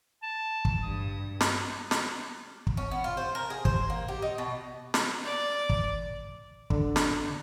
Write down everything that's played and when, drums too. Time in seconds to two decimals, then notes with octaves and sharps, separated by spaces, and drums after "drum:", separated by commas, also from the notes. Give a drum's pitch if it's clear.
0.23 A5
0.65 drum: kick
0.83 G2 D#6
1.40 drum: snare
1.91 drum: snare
2.67 drum: kick
2.77 C#4
2.91 B3
3.04 F4
3.17 C5
3.35 A#4
3.50 G#4
3.65 C5, drum: kick
3.90 A#3
4.08 G4
4.22 D#4
4.38 B2
4.94 drum: snare
5.25 D5
5.70 drum: kick
6.70 D3, drum: kick
6.96 drum: snare